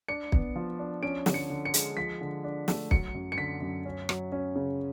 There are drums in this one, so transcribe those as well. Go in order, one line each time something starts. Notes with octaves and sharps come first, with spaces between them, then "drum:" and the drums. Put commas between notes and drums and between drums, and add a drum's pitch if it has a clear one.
D4 C#7
B3, drum: kick
F3
D4
C#4 D7
D3, drum: snare
C#7
D3
C#7
G#3, drum: hi-hat
F3 B6
D3
D4
A3, drum: snare
F#3 C#7, drum: kick
F#2
C#7
D3 B6
F#2
C#4
F#3, drum: rim click
C#4
C#3